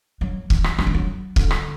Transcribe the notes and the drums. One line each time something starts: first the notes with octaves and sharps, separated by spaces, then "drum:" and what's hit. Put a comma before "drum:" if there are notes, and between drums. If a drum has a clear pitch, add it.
F#3
E3, drum: kick C#1
drum: rim click
F#3, drum: rim click
E3
F#3
D3, drum: kick C#1
drum: rim click